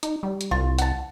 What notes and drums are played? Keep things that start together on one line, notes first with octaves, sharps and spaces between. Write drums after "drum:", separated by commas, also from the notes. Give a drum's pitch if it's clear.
D#4, drum: hi-hat
G3
drum: hi-hat
C2 F4
F#5 A5, drum: hi-hat